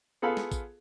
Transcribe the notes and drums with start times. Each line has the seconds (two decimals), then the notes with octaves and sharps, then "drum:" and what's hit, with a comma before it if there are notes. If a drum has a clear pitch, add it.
0.22 B3 F4 G#4 A4 F5 B5
0.37 drum: snare
0.52 drum: kick A1, tambourine